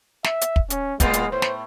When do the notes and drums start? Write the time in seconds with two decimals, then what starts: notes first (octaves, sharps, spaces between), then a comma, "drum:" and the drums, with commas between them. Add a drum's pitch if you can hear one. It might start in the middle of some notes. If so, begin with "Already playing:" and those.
0.25 E5, drum: snare
0.41 drum: hi-hat
0.56 drum: kick
0.70 C#4, drum: hi-hat
1.00 A2 G#3 B3 F4, drum: kick, hi-hat
1.13 drum: hi-hat
1.32 A2 C5
1.42 drum: snare